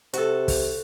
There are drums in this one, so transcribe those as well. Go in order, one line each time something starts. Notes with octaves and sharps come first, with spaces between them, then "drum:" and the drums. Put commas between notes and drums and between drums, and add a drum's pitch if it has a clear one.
C3 F#4 A4, drum: hi-hat
drum: kick, open hi-hat